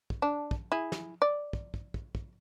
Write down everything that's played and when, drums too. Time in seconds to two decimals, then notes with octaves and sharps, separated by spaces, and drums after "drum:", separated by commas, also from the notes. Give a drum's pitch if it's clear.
0.10 drum: kick
0.22 D4
0.51 drum: kick
0.72 E4 G#4
0.92 drum: snare
1.22 D5
1.53 drum: kick
1.74 drum: kick
1.94 drum: kick
2.15 drum: kick